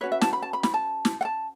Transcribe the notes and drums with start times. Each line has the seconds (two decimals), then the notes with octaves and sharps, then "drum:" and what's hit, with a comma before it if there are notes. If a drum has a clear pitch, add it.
0.01 C#4 F#4 B4 C#5
0.12 E5
0.21 A5, drum: snare
0.33 B5
0.42 A5
0.53 B5
0.63 B5, drum: snare
0.74 A5
1.05 drum: snare
1.21 F#5
1.25 A5